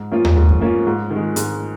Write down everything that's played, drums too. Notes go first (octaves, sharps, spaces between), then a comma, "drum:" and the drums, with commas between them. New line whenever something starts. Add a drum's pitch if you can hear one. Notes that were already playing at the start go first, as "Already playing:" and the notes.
Already playing: G#2
F3 A#3 C#4 F4
drum: tom D#2
G#2
drum: kick F2
F3 A#3 C#4 F4
G#2
D#3 G#3
G#2, drum: hi-hat